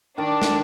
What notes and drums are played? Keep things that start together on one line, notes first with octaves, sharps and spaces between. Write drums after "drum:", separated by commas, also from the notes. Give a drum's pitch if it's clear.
D#3 D4
drum: snare